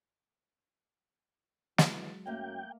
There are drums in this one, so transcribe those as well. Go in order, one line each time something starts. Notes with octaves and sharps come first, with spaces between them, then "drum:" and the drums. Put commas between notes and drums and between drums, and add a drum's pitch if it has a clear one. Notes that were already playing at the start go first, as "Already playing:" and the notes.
E3 F#3 G#3, drum: snare
F#2 A3 A#3 G5 A#5